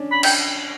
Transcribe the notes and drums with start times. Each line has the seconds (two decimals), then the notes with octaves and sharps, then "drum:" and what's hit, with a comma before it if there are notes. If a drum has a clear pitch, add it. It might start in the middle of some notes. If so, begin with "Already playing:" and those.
Already playing: C#4 D4
0.11 B5
0.23 G5, drum: cymbal